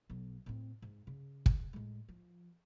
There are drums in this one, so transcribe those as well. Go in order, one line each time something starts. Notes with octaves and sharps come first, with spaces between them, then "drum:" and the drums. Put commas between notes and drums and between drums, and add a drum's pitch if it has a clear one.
B1 F#3
A2 C4
G#2
C#3
drum: kick
A2 G#3
F3